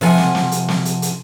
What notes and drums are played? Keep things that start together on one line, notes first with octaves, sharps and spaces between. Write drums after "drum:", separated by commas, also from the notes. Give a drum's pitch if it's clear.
C3 F3 A4 F5 F#5 G#5, drum: open hi-hat
drum: snare
drum: snare
drum: hi-hat
drum: snare
drum: hi-hat
drum: hi-hat